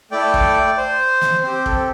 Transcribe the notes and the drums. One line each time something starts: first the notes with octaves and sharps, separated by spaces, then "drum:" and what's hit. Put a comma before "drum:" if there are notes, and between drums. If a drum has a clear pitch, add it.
A3 E4 A4 D5 G5
drum: kick
C5
drum: snare
C4 G4 C5
A4, drum: kick